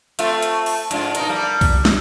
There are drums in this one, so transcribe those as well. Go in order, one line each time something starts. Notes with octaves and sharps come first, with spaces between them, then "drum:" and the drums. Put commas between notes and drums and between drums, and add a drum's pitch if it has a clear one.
A3 C4 F4, drum: hi-hat
drum: hi-hat
drum: open hi-hat
G#2 D4 F4, drum: hi-hat
B2 D#4 A#4, drum: hi-hat
G3 A#3
drum: kick B1, open hi-hat
drum: snare